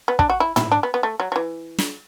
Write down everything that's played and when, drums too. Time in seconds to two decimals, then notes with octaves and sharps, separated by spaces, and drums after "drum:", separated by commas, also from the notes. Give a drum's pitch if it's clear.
0.08 B3
0.19 D4, drum: kick
0.30 F#4
0.40 E4
0.56 E4, drum: tom
0.72 D4
0.83 B3
0.94 B3
1.03 A3
1.20 F#3
1.32 F#3
1.36 E3
1.78 drum: snare